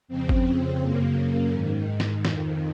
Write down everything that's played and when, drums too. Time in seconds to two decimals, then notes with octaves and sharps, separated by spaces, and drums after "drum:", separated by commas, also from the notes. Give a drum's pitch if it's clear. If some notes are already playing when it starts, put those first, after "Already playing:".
0.08 F2 C#3 C4
0.29 drum: kick
0.80 F#2 C#3 A#3
1.52 G#2 D#3
2.00 drum: snare
2.25 F2 D#3, drum: snare